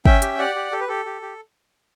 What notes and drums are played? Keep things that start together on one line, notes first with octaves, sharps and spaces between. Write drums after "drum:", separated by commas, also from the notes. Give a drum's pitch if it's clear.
C#4 E5 G5, drum: kick
G4, drum: hi-hat
G4 D5 F#5
G4
G4 A4
B4
G4 A4
G4
G4